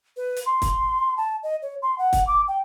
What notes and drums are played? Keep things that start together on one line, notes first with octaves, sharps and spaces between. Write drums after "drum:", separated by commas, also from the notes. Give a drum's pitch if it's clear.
B4
drum: hi-hat
C6
drum: kick, hi-hat
A5
D#5
C#5
C6
F#5
drum: kick, hi-hat
D6
G5